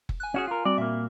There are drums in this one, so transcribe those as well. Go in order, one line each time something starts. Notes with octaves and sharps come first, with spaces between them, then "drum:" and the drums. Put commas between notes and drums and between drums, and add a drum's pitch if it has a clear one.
drum: kick F#1
G#5 F#6
C#4 F#4 G#4
F4 A#4
G3 C4 F#4 D5
A#2 A#3 E5